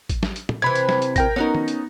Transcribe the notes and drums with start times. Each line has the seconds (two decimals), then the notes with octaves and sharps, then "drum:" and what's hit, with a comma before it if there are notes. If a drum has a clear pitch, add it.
0.09 drum: kick A1, hi-hat
0.23 drum: snare
0.36 drum: hi-hat
0.49 drum: tom
0.62 C3 E3 B5 G#6
0.75 drum: hi-hat
0.89 drum: snare
1.02 drum: hi-hat
1.16 A#4 G5 A#6, drum: kick A1, hi-hat
1.36 B3 C#4 D#4 F#4 A#4
1.55 drum: tom
1.68 drum: hi-hat